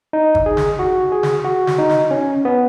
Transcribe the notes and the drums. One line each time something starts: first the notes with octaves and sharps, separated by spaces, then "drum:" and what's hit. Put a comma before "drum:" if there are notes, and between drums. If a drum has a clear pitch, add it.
D#4
drum: kick
G#4
drum: snare
F#4
G#4
drum: snare
F#4
drum: snare
D#4
drum: snare
C#4
B3